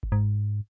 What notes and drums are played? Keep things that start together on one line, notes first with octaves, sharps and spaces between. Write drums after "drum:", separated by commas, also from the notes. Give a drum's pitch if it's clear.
drum: kick G1
G#2